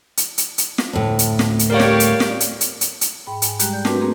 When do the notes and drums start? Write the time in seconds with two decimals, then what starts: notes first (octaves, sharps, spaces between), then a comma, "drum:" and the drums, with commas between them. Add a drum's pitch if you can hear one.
0.17 drum: hi-hat
0.38 drum: hi-hat
0.58 drum: hi-hat
0.78 drum: snare
0.93 D2 A2
1.19 drum: hi-hat
1.39 drum: snare
1.59 drum: hi-hat
1.70 G3 G4 A#4 C#5 D5 F5
1.80 drum: snare
2.00 drum: hi-hat
2.20 drum: snare
2.40 drum: hi-hat
2.61 drum: hi-hat
2.81 drum: hi-hat
3.01 drum: hi-hat
3.27 G#2 G5 B5
3.42 G#5, drum: hi-hat
3.59 G3 G#3 G4 G5 A#5 F#6, drum: hi-hat
3.73 D5 G6
3.85 A3 C4 D4 F#4 A#4 B4, drum: snare
3.99 A3 A#3 C4 G#4 A#4